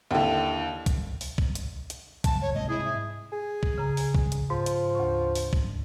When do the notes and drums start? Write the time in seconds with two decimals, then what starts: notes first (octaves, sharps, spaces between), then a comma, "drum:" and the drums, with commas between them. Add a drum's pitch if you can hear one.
0.11 D#2 D3 D#3 E4
0.86 drum: kick B1, hi-hat
1.21 drum: open hi-hat
1.38 drum: kick B1
1.55 drum: hi-hat
1.90 drum: hi-hat
2.24 F#1 A5, drum: kick B1, hi-hat
2.42 C#5
2.55 G#2 C3 G3 D#5
2.69 E4 G#4
2.85 E5
3.32 G#4
3.63 drum: kick B1
3.78 C#3 A#5
3.97 drum: open hi-hat
4.15 drum: kick B1
4.32 drum: hi-hat
4.50 G#2 F3
4.66 drum: hi-hat
4.95 D2 C#6
5.35 drum: open hi-hat
5.53 drum: kick B1